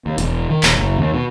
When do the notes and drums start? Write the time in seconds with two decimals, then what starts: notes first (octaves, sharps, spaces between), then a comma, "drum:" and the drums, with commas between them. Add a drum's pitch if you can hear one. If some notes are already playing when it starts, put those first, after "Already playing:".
0.06 D#2
0.18 E1, drum: hi-hat
0.50 D#3
0.63 D#1, drum: clap
0.79 F#1
0.98 D#2
1.14 B2